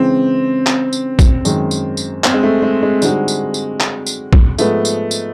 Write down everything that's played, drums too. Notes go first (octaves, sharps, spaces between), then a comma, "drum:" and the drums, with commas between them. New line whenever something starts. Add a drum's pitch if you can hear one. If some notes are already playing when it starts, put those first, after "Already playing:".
Already playing: C#3 E3 G#3 C4
drum: clap
drum: tambourine
drum: kick, tambourine
F#2 D#3 G#3, drum: tambourine
drum: tambourine
drum: tambourine
C4, drum: clap
G#3
A3
G#3
G#3
D3 G3 G#3 C4 D#4 F#4, drum: tambourine
drum: tambourine
drum: tambourine
drum: clap
drum: tambourine
drum: kick
G#2 F3 G#3 A3 B3, drum: tambourine
drum: tambourine
drum: tambourine